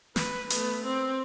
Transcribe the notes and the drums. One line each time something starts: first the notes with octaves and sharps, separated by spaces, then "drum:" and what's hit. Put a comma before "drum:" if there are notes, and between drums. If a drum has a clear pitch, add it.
B4, drum: snare
A3 B3, drum: hi-hat
C4